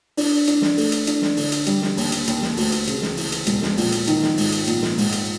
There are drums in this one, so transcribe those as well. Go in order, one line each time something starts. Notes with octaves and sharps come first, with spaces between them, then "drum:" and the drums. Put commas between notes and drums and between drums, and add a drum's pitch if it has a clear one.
D4, drum: open hi-hat
D4, drum: hi-hat
drum: snare
A3, drum: open hi-hat
drum: hi-hat
D4, drum: hi-hat
drum: snare
D3, drum: open hi-hat
drum: hi-hat
G3, drum: hi-hat
drum: snare
D#2, drum: open hi-hat
drum: hi-hat
D#2, drum: hi-hat
drum: snare
D2, drum: open hi-hat
drum: hi-hat
C#3, drum: hi-hat
drum: snare
E3, drum: open hi-hat
drum: hi-hat
E1, drum: hi-hat
drum: snare
A#1, drum: open hi-hat
drum: hi-hat
D#3, drum: hi-hat
drum: snare
G#2, drum: open hi-hat
drum: hi-hat
A#1, drum: hi-hat
drum: snare
G#2, drum: open hi-hat
drum: hi-hat